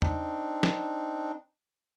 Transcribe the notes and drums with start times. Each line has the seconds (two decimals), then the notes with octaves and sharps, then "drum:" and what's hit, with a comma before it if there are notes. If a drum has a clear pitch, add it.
0.02 C4 D4 D#4, drum: tom
0.63 drum: snare